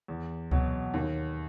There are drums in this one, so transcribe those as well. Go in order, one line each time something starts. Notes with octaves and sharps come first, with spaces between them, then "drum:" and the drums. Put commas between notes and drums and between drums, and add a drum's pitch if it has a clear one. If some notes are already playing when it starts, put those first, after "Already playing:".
E2
B2 F#3, drum: kick C#2
D#2